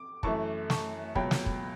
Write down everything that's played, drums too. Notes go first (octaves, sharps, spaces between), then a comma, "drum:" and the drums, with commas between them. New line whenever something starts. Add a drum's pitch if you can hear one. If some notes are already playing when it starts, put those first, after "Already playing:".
Already playing: D6
F#2 E3 A3 A5 C#6, drum: kick
A5 C#6, drum: snare
C#2 B2 F#3 G5 B5, drum: kick
drum: snare
drum: kick